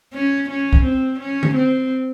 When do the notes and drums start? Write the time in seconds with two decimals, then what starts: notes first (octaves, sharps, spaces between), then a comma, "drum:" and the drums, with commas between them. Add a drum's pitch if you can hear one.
0.14 C#4
0.49 C#4
0.73 drum: kick
0.84 C4
1.20 C#4
1.43 drum: tom D3
1.54 C4